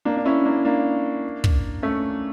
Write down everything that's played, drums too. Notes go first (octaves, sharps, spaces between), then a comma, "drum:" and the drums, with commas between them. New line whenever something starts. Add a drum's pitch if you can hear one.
A#3 D4
D4
C#4 E4
A#3 D4
A#3 D4
drum: kick
A3 C#4